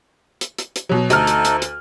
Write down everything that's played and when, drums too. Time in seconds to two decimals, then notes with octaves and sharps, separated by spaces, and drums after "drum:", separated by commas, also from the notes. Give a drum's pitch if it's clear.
0.41 drum: hi-hat
0.58 drum: hi-hat
0.76 drum: hi-hat
0.89 B2 F#3
1.10 D2 D#4 A4 F6, drum: hi-hat
1.27 drum: hi-hat
1.45 drum: hi-hat
1.62 drum: hi-hat